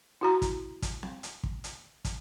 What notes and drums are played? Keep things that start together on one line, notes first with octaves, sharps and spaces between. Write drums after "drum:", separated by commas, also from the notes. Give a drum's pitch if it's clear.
E4 F#4 A#5
drum: kick, hi-hat
drum: kick, hi-hat
drum: snare C4
drum: hi-hat
drum: kick
drum: hi-hat
drum: kick, hi-hat